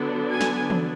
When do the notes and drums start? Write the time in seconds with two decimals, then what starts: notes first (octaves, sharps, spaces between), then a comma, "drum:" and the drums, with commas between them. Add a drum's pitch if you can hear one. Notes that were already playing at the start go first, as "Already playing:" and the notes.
Already playing: D3 F#3 B3 D4
0.30 G#5
0.41 drum: snare
0.70 drum: tom E3